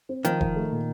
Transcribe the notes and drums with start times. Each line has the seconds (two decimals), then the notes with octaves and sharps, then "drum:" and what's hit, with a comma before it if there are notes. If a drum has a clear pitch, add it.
0.09 C4
0.25 D#3 F3, drum: hi-hat
0.41 F3, drum: kick E1
0.56 A3
0.72 A#2